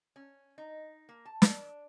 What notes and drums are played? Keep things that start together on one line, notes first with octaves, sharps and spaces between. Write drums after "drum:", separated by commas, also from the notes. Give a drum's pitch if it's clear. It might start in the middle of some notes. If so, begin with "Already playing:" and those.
C#4
D#4
A#3
A5
D4, drum: snare